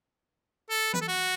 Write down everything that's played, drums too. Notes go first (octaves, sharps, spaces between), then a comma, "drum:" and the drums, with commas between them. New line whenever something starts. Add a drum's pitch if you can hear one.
A4
B4, drum: tom E3
A4
F#4